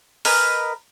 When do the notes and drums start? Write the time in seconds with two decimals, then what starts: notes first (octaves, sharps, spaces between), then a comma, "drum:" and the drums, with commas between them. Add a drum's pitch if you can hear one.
0.25 A#4 B4 D#5 G#5, drum: open hi-hat